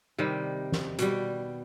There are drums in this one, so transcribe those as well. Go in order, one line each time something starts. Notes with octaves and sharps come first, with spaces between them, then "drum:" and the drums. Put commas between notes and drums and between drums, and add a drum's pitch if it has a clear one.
C3 D#3 G3
drum: snare
B2 G3, drum: hi-hat